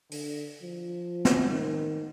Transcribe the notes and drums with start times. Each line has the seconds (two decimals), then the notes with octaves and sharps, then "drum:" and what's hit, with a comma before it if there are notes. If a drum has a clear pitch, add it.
0.11 D3, drum: open hi-hat
0.63 F3
1.25 drum: snare
1.50 D#3